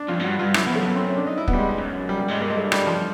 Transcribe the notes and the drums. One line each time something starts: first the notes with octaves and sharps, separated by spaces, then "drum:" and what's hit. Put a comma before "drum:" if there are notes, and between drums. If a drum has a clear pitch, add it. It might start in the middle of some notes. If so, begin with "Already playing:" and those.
Already playing: D4
F2 F4
G#2
G2 F#4
G2 F4
F#2 E4, drum: rim click
F2 B3
A3
F#2 B3
C4
C#4
D4
D#4
E4
B3, drum: kick
G3
G#3
G#3
F#2
G3
G3
G#2 G#3
G2 A#3
G#3
A3
G3, drum: rim click
F3